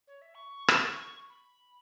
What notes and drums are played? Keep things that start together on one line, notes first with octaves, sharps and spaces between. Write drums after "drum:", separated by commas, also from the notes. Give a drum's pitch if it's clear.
C#5
E5
C#6
drum: rim click
B5